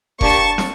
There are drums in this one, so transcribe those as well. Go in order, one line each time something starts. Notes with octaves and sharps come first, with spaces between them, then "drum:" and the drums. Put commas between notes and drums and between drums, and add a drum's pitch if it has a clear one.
A#3 D4 G4 A5 C#6, drum: kick F1
drum: snare